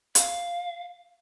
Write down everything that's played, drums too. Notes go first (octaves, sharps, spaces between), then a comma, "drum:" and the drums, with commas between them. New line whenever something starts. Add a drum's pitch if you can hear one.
F5, drum: hi-hat